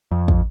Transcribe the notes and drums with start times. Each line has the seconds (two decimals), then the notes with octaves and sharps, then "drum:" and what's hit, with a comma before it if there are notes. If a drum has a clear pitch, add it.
0.11 F2
0.28 drum: kick